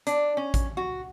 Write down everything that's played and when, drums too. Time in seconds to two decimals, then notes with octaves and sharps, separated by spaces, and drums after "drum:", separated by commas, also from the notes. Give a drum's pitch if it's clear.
0.07 D4, drum: hi-hat
0.37 C#4
0.54 drum: kick A1, hi-hat
0.77 F#4